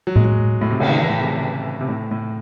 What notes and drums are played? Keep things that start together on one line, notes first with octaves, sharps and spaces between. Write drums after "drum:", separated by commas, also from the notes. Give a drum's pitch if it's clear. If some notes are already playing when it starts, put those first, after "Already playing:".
F#3
G#3, drum: tom A2
F#3
A2
C3
C#3, drum: cymbal
D#3
E3
A2
C3
C#3
C3
A2
A2